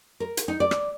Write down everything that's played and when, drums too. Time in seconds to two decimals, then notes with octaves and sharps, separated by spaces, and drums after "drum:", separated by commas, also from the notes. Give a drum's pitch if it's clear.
0.20 A#4
0.37 drum: hi-hat
0.48 D#4
0.60 D5
0.71 drum: rim click